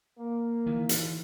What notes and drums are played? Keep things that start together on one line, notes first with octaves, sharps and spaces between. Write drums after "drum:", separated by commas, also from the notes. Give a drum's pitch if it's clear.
A#3
D#3 E3
drum: hi-hat